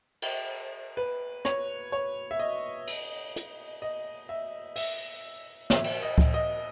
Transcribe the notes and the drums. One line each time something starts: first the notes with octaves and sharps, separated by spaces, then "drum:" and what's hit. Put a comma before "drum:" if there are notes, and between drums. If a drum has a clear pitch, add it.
drum: cymbal
B4
C#5, drum: rim click
C#5
E5
D#5
drum: cymbal
drum: hi-hat
D#5
E5
E5, drum: open hi-hat
E5, drum: snare
drum: cymbal
D#5
drum: kick C#2
D#5